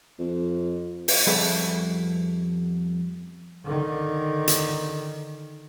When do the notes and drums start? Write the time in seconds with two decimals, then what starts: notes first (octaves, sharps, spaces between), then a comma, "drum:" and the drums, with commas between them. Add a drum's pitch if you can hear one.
0.19 F2
1.08 drum: open hi-hat
1.27 F2 G3 B3 G#4 A4 E5
3.64 D3 D#3
4.48 drum: hi-hat